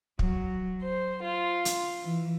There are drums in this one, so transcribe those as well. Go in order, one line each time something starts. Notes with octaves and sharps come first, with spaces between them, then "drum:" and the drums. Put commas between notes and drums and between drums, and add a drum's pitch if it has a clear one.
F#3, drum: kick
C5
F4
drum: hi-hat
E3